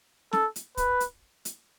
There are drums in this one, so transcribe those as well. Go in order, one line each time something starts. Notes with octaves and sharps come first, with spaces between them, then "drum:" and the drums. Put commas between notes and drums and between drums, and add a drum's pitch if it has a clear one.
A4, drum: snare
drum: hi-hat
B4, drum: kick, hi-hat
drum: hi-hat
drum: hi-hat